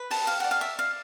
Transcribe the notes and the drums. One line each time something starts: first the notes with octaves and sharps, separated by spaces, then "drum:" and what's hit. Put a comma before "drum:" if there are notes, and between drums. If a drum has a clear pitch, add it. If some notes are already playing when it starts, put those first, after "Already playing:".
Already playing: B4
G4 A5, drum: open hi-hat
G4 F5
D5 F#5
F5
D5 E5
D5 F5